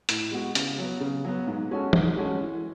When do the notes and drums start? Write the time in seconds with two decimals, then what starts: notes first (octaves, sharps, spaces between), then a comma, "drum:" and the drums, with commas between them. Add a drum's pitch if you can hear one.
0.09 A2, drum: hi-hat
0.31 G#3 B3 F#4
0.55 C#3, drum: hi-hat
0.79 F#3 B3
1.00 C#3
1.25 F#3 B3
1.47 G#2
1.71 G#3 C#4 F#4 A4
1.93 G#2, drum: tom
2.16 G#3 C#4 F#4 A4
2.40 E3